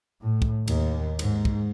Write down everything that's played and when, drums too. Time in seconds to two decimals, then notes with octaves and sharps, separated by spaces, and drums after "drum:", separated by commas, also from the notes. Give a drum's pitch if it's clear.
0.21 A2
0.42 drum: kick
0.68 D#2, drum: cymbal
1.19 G#2, drum: cymbal
1.45 drum: kick